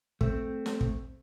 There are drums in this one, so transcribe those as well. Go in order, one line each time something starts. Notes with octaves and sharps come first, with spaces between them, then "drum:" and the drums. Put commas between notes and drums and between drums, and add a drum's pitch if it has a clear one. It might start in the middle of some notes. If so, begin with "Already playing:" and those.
A3 C4, drum: kick
drum: snare
drum: kick